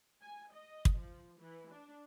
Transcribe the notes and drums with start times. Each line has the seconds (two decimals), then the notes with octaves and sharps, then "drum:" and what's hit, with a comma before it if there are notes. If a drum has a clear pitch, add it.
0.22 G#5
0.53 D#5
0.85 drum: kick
0.98 F3
1.40 E3
1.72 D4